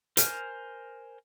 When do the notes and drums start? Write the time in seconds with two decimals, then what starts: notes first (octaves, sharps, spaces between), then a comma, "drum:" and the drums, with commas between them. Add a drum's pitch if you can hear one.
0.17 A#4 C5 G#5 F6, drum: hi-hat